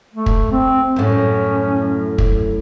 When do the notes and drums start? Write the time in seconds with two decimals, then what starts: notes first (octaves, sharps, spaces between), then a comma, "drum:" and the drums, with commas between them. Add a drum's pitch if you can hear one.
0.14 A3
0.26 drum: kick
0.51 C4
0.96 F#2 A2 C#4
2.18 drum: kick